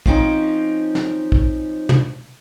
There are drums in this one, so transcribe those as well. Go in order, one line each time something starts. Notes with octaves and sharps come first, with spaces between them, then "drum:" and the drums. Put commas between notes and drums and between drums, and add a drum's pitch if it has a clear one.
F3 C4 C#4 D#4, drum: kick
drum: snare
drum: kick
drum: tom